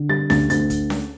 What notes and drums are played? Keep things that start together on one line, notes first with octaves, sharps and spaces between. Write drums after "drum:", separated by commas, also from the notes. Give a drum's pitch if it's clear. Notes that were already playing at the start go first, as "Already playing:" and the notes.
Already playing: D3
G3 A6
D2 A6, drum: snare C#4
D2 A6, drum: hi-hat
drum: kick, hi-hat
drum: snare C#4